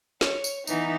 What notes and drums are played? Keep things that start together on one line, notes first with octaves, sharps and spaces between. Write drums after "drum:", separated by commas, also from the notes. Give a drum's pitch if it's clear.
C#5, drum: snare
drum: tambourine
E3 B3 D#4, drum: tambourine